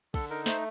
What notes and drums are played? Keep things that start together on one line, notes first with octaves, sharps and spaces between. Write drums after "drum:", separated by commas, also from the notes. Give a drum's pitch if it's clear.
D3 A4, drum: kick, cymbal
D#4 A#4
A3 C5, drum: snare